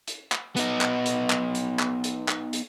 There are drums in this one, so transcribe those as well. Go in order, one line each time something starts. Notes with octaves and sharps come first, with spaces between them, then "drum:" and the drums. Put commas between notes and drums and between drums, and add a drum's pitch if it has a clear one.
drum: hi-hat
drum: clap
B3 D#4, drum: hi-hat
drum: clap
drum: hi-hat
drum: clap
drum: hi-hat
drum: clap
drum: hi-hat
drum: clap
drum: hi-hat